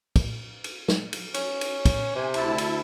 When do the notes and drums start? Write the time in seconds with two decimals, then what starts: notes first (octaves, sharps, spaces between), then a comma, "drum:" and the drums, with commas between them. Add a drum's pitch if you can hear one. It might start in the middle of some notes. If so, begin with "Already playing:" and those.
0.16 drum: kick, cymbal
0.64 drum: cymbal
0.88 drum: snare
1.13 drum: cymbal
1.34 C#4, drum: cymbal
1.61 drum: cymbal
1.85 drum: kick, cymbal
2.15 C3 G#5
2.34 D2 E4 A5, drum: cymbal
2.58 drum: cymbal